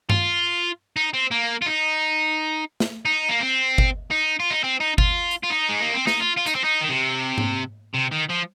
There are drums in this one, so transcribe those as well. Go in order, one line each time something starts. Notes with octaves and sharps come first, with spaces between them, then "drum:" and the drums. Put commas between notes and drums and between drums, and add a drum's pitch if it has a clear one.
F4, drum: tom G2
D#4
C4
A#3
F4
D#4
drum: snare
D#4
A#3
C4
drum: kick G1
D#4
F4
D#4
C4
D#4
F4, drum: kick G1
drum: hi-hat
F4
D#4
G#3
A#3
C4
D#4, drum: snare
F4
F4
D#4, drum: hi-hat
C4
D#4
D#3
C3
drum: tom G#2
C3
D#3
F3